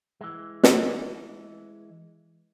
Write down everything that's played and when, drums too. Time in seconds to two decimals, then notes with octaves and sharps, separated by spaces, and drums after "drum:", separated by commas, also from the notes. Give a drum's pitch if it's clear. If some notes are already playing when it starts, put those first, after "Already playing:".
0.21 E3 G#3
0.63 drum: snare